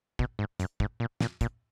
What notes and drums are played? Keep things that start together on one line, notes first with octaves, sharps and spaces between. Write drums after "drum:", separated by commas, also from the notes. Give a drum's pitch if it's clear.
B2, drum: kick
G#2
F#2, drum: hi-hat
G#2, drum: kick
A#2
A#2, drum: snare
A#2, drum: kick, hi-hat